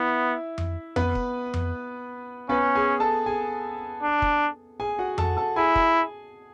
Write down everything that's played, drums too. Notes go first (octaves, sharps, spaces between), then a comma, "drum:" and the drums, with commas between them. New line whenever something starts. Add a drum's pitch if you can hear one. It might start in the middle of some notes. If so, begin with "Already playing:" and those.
Already playing: B3 E4 E5
drum: tom F2
B3 B4, drum: tom F2
drum: kick
drum: tom F2
B3 C#4 B4
G#4 G#5
A4 A5
G#4 G#5
D4
drum: kick
G#4 G#5
F#4 F#5
A4 A5, drum: tom F2
A4 A5
E4 G#4 G#5
drum: kick